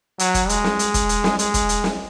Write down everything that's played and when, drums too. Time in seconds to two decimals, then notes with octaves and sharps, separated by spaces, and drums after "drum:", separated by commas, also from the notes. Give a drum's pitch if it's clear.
0.19 F#3, drum: hi-hat
0.34 drum: kick, hi-hat
0.49 G#3, drum: hi-hat
0.64 drum: snare
0.79 drum: hi-hat
0.94 drum: kick, hi-hat
1.09 drum: hi-hat
1.24 drum: snare
1.39 G#3, drum: hi-hat
1.54 drum: kick, hi-hat
1.69 drum: hi-hat
1.84 drum: snare